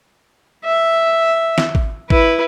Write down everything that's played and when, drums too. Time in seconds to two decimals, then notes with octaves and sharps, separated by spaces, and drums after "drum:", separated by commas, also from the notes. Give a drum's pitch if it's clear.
0.65 E5
1.58 drum: snare
1.75 drum: kick G#1
2.10 E4 B4, drum: kick G#1